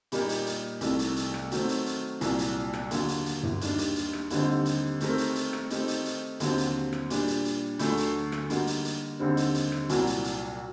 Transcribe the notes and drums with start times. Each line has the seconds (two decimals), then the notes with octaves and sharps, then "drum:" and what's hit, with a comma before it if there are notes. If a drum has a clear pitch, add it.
0.12 A#2 G3 A#3 D#4 G4, drum: hi-hat
0.29 drum: hi-hat
0.46 drum: hi-hat
0.81 C2 C3 D#3 A3, drum: hi-hat
0.99 drum: hi-hat
1.16 drum: hi-hat
1.34 drum: rim click
1.52 D#3 F#3 A3 C4, drum: hi-hat
1.69 drum: hi-hat
1.86 drum: hi-hat
2.21 C2 A#2 F#3, drum: hi-hat
2.39 drum: hi-hat
2.73 drum: rim click
2.91 D#2 D3 F#3, drum: hi-hat
3.08 drum: hi-hat
3.26 drum: hi-hat
3.43 drum: tom
3.61 D#2 D#3 G3 D4, drum: hi-hat
3.78 drum: hi-hat
3.96 drum: hi-hat
4.13 drum: rim click
4.30 D#2 D3 G3 C4 D#4, drum: hi-hat
4.66 drum: hi-hat
5.01 D#3 A3 C4 G4 A#4, drum: hi-hat
5.18 drum: hi-hat
5.35 drum: hi-hat
5.53 drum: rim click
5.70 D#3 A3 C4 D#4 G4, drum: hi-hat
5.88 drum: hi-hat
6.05 drum: hi-hat
6.40 D#2 D3 F#3 C4 G4, drum: hi-hat
6.58 drum: hi-hat
6.93 drum: rim click
7.10 A#2 G3 D4 G4, drum: hi-hat
7.27 drum: hi-hat
7.45 drum: hi-hat
7.79 D2 D3 F#3 A3, drum: hi-hat
7.97 drum: hi-hat
8.32 drum: rim click
8.50 D3 G3 A#3 D#4 F#4, drum: hi-hat
8.67 drum: hi-hat
8.85 drum: hi-hat
9.19 D#2 D3 G3 C4 D#4
9.37 drum: hi-hat
9.54 drum: hi-hat
9.72 drum: rim click
9.89 C2 A#2 F#3 A#3 F#4, drum: hi-hat
10.07 drum: hi-hat
10.24 drum: hi-hat